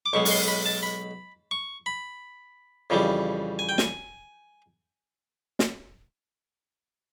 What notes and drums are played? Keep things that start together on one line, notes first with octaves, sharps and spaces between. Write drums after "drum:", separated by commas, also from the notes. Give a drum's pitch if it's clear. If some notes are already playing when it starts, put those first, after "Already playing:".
D6
B1 B2 G#3 C#6
C#6, drum: open hi-hat
C6
B5
A5
B5
C#6
B5
F2 C#3 E3 G3
G#5
G5
G#5, drum: snare
drum: snare